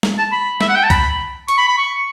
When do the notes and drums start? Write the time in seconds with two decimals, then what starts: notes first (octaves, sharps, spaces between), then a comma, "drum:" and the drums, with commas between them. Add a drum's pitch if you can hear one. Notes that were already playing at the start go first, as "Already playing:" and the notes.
0.03 drum: snare
0.18 A5
0.32 B5
0.61 E5, drum: snare
0.69 F#5
0.76 G5
0.83 A5
0.90 B5, drum: kick C2, hi-hat
1.48 C#6, drum: hi-hat
1.58 B5
1.68 B5
1.78 C#6